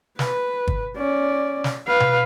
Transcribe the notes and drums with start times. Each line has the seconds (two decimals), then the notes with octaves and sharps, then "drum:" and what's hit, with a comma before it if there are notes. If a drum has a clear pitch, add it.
0.19 B4, drum: snare
0.68 drum: kick
0.97 C#4 D5
1.64 drum: snare
1.87 B4 F5
2.00 drum: tom B2